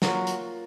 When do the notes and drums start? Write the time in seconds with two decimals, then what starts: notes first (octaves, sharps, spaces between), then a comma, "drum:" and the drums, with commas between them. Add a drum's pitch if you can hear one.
0.02 F#3 A#3 F4 F#4 A#4, drum: snare
0.27 drum: hi-hat